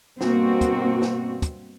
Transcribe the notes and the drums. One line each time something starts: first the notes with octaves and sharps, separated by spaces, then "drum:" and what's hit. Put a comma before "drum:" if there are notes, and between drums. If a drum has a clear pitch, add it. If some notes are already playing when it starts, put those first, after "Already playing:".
G2 B2 A#3 C4 F#4, drum: snare
drum: kick, hi-hat
drum: snare
drum: kick, hi-hat